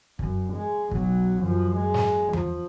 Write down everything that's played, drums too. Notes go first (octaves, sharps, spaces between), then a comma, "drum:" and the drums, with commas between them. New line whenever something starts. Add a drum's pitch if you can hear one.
F#2, drum: kick
G#3
B1 F#3, drum: kick
F#2 F3
G#3
drum: snare
F3, drum: tom E2